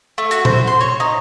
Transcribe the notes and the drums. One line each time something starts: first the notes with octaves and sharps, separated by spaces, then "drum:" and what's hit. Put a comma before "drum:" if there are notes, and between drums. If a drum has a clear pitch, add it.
A3
F#4, drum: hi-hat
C5, drum: tom A#2
C6
C#5
D#4